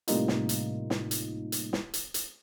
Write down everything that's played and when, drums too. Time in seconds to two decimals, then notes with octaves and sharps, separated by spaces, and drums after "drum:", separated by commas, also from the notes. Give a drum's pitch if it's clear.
0.08 A2 C3 G3 A#3 D#4 F4, drum: hi-hat
0.28 drum: snare
0.49 drum: hi-hat
0.90 drum: snare
1.11 drum: hi-hat
1.52 drum: hi-hat
1.73 drum: snare
1.94 drum: hi-hat
2.14 drum: hi-hat